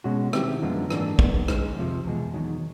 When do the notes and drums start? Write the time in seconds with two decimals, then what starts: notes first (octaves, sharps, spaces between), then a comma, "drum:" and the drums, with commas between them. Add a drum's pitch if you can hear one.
0.04 B2 G#3 C#4 F#4
0.33 D#3 G3 C4 E4 G4, drum: rim click
0.62 F#2 D3 F3 G#3 B3
0.90 G#2 E3 G3 A#3 D4, drum: rim click
1.19 F#2 D#3 G#3 B3, drum: kick
1.48 D#3 G#3 C#4, drum: rim click
1.76 F2 C3 F3
2.05 E2 B2 G#3
2.34 E2 C3 D#3 F#3